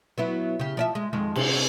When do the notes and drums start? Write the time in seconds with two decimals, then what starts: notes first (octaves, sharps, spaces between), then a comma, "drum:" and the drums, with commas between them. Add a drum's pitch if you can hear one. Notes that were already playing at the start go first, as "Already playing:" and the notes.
0.18 F#3 B3 E4
0.60 C#3 G4
0.77 F3 D5 E5
0.95 G#3
1.13 F2 D#3 G#3
1.36 C3, drum: cymbal